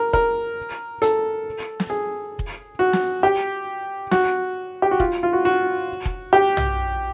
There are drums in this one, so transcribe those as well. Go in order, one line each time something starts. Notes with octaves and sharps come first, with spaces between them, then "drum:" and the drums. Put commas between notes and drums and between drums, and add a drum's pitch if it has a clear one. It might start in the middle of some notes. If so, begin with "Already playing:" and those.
Already playing: A#4
A#4, drum: kick
A4, drum: hi-hat
drum: snare
G#4
drum: kick
F#4
drum: snare
G4
F#4, drum: snare
G4
F#4
F4, drum: kick
F4
F#4
F#4
drum: kick
G4
drum: tom